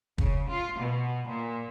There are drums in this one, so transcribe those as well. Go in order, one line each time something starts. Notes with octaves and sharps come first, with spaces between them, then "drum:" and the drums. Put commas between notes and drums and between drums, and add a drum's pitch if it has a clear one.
C#3, drum: kick
F4
B2
A#2